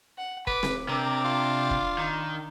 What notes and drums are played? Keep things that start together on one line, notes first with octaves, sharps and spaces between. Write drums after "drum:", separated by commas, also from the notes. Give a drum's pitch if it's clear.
F#5
B4 D6, drum: kick E1
drum: snare C4
C3 D4 A#4 D6
F4
drum: kick E1
D#3